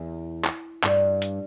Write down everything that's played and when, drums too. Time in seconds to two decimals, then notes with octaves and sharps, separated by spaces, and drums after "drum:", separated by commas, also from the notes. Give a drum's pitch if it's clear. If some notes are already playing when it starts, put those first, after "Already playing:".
Already playing: E2
0.44 drum: clap
0.84 G2, drum: clap
1.22 drum: hi-hat